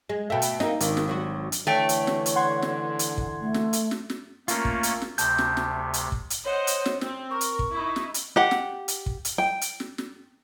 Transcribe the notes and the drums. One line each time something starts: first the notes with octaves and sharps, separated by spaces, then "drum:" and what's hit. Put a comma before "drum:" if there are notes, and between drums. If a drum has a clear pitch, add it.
G#3
B2 A3 E5 F5 G5
drum: hi-hat
A#3 D#4, drum: snare
G#1 D#3 D4, drum: hi-hat
drum: snare
F#3 F4 F#4
drum: hi-hat
D3 E3 A3 C#5 G5
drum: hi-hat
drum: snare
drum: hi-hat
F#5 C6 G#6
drum: snare
drum: hi-hat
drum: kick
A3
drum: snare
drum: hi-hat
drum: snare
drum: snare
A3 A#3 C#4 F4 A#4, drum: hi-hat
drum: kick
drum: hi-hat
drum: snare
D2 C3 A5 G6, drum: hi-hat
drum: snare
drum: snare
drum: hi-hat
drum: kick
drum: hi-hat
C5 C#5 D#5 F#5
drum: hi-hat
drum: snare
C4, drum: snare
A#4 C#6
drum: hi-hat
drum: kick
D#4 E4
drum: snare
drum: hi-hat
G4 F#5
drum: snare
drum: hi-hat
drum: kick
drum: hi-hat
G5
drum: hi-hat
drum: snare
drum: snare